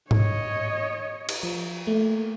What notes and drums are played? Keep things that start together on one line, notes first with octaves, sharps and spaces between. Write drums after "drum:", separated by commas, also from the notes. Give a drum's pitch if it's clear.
C#5 D#5, drum: tom G#2
drum: cymbal
F3
A3 A#3